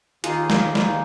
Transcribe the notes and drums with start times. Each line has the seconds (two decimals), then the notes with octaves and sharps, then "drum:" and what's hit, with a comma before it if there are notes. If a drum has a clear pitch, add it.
0.24 D#2 D#3 A#3 D#4 F4 G#4, drum: hi-hat
0.50 drum: snare
0.75 D#2 D#3 A#3 D#4, drum: snare